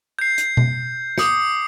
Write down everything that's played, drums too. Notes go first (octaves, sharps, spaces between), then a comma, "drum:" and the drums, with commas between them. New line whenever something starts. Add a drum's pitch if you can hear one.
G6 C7
drum: hi-hat
drum: tom B2
D6 D#6 C#7, drum: snare